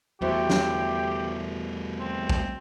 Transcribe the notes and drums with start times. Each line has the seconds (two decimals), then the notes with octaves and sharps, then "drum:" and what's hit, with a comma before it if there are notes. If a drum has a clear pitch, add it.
0.22 E2 G3 A3 F#4 G4 C5 E5
0.50 drum: snare
2.00 C4
2.30 drum: kick